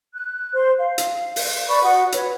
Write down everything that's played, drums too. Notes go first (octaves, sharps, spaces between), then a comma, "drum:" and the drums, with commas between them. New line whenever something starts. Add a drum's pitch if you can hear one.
F#6
C5 C6
F5
drum: hi-hat
drum: open hi-hat
B4 D5 B5 C#6
F#4 F#5 D#6
B4 C#5, drum: hi-hat